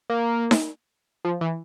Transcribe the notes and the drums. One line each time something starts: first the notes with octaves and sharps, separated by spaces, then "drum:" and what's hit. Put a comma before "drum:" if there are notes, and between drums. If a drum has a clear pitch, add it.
A#3
drum: snare D#4
F3
E3